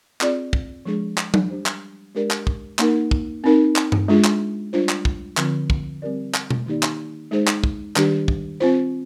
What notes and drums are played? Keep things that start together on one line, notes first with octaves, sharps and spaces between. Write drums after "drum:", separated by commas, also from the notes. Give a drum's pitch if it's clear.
C4 F4 G#4 D5, drum: clap
drum: kick
F3 G#3 D4 G#4
drum: clap
drum: tom F#3
G3 D4 G4 C5
drum: clap
G#3 D4 G4 A#4 D5
drum: clap
drum: kick
A#3 D#4 A#4, drum: clap
drum: kick
C4 D#4 A#4
drum: clap
drum: tom G2
G#3 D4 F4 G#4
drum: clap
G3 D4 F4 C5
drum: clap
drum: kick
D3 F3 C4 F4, drum: clap
drum: kick
G3 C4 G4 A#4 D5
drum: clap
drum: tom B2
D#3 A#3 D#4 G4 D5
drum: clap
G#3 D#4 G#4 C5
drum: clap
drum: kick
D#3 G3 D4 G4, drum: clap
drum: kick
C4 F4 C5